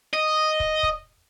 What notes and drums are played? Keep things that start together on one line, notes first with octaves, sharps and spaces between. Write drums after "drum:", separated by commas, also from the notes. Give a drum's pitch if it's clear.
D#5
drum: kick
drum: kick